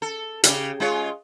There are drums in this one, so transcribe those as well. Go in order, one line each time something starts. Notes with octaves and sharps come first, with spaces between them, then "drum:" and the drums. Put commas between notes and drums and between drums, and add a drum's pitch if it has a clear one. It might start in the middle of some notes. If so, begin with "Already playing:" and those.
A4
C#3 G4, drum: hi-hat
G#3 F4 C#5